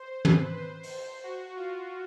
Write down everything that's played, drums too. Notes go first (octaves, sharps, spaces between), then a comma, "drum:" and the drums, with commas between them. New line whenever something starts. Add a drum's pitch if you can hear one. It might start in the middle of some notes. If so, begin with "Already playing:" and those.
Already playing: C5
B4, drum: tom
C5
drum: open hi-hat
F#4
F4